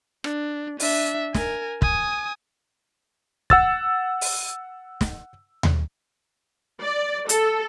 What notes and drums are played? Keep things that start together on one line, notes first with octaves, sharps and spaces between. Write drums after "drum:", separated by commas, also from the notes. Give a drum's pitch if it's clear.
D4, drum: rim click
D4 E5, drum: open hi-hat
A#4 G#5, drum: snare
G#5 D#6, drum: kick
F#5 E6 A6, drum: kick
drum: open hi-hat
drum: snare
drum: tom D#2
D5
A4, drum: hi-hat